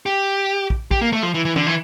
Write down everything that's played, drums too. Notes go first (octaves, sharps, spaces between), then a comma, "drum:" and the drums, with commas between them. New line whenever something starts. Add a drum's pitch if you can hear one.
G4
drum: kick
G4, drum: kick
A#3
A3
F3
E3
E3
D3, drum: tom E3
E3